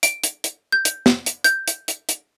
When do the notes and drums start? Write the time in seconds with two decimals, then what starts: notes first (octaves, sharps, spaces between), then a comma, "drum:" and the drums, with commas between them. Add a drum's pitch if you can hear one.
0.03 D7, drum: hi-hat
0.24 drum: hi-hat
0.44 drum: hi-hat
0.72 G6
0.85 drum: hi-hat
1.06 drum: snare
1.26 drum: hi-hat
1.44 G6, drum: hi-hat
1.68 drum: hi-hat
1.88 drum: hi-hat
2.09 drum: hi-hat